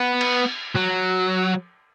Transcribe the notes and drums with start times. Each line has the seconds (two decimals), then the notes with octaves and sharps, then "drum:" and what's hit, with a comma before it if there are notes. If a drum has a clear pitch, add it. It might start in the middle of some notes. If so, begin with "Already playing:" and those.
Already playing: B3
0.21 drum: cymbal
0.76 F#3